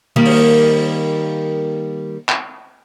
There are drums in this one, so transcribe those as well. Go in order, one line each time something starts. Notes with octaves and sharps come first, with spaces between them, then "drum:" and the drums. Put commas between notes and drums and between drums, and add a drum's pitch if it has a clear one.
D#3 G3 A#3
drum: open hi-hat
drum: clap